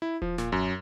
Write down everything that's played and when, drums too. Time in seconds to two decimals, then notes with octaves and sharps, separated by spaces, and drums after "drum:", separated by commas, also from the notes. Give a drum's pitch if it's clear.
0.02 E4
0.22 F3, drum: kick D#1
0.38 A#2, drum: snare
0.52 F#2